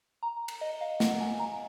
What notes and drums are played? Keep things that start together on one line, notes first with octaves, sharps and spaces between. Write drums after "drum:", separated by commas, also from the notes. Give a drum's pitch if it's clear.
A#5
drum: cymbal
D#5
F5
F#5, drum: snare
G#5
A#5